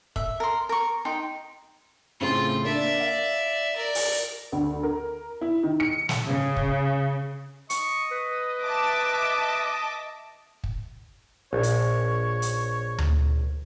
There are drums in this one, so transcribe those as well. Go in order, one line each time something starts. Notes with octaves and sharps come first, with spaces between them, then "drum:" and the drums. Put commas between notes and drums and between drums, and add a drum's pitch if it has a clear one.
E5, drum: kick
A#4 C6
A#4 C#6
D#4 G5 C6
A2 C#3 C4 F4
A#3 D4 D5 E5
F5
A#4 D5
drum: open hi-hat
D2
A#4
E4
D#3
C#7
drum: snare
C#3
drum: kick
D#5 C#6, drum: hi-hat
B4
E5 A5 D6
drum: kick
A#1 C#5
drum: hi-hat
drum: hi-hat
drum: tom D2